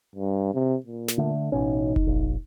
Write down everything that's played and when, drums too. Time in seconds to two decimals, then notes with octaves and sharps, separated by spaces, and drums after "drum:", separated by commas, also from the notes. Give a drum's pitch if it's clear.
0.16 G2
0.55 C3
0.86 A#2
1.08 drum: snare
1.17 D3 A3
1.52 A1 B2 C#4 D#4
1.96 drum: kick F1
2.06 A#1